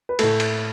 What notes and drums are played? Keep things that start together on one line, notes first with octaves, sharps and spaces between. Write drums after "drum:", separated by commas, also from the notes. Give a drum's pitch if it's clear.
B4
A2 A3 A4, drum: cymbal
drum: cymbal